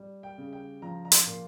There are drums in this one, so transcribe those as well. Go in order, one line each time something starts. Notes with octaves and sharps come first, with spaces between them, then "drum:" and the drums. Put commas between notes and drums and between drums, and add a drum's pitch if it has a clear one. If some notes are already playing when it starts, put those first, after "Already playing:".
Already playing: G3
G5
C#3
G5
F3 A#5
A#5
C6, drum: hi-hat
A#2